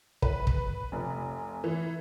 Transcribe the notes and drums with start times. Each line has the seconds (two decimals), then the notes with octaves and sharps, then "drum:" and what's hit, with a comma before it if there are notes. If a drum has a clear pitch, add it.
0.22 B4, drum: kick
0.47 drum: kick
0.92 F1
1.64 E3